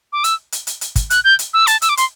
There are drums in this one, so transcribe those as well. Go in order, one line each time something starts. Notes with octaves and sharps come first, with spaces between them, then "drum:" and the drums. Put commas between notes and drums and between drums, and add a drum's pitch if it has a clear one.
D6
E6, drum: hi-hat
drum: hi-hat
drum: hi-hat
drum: hi-hat
drum: kick, hi-hat
F#6, drum: hi-hat
G6
drum: hi-hat
E6
A5, drum: hi-hat
E6, drum: hi-hat
D6
C6, drum: hi-hat